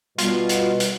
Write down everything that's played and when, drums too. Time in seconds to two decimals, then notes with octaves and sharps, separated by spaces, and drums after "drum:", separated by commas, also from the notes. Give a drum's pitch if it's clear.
0.18 B2 G3 F4, drum: hi-hat
0.49 drum: hi-hat
0.80 drum: hi-hat